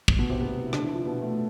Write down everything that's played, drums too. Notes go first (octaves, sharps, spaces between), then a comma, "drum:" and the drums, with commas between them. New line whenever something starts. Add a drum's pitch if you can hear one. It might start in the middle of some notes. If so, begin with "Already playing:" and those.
drum: kick
B2 B3
C3 C4
B2 B3
E4
D3 D4, drum: rim click
E3 E4
F3 F4
B2 B3
A2 A3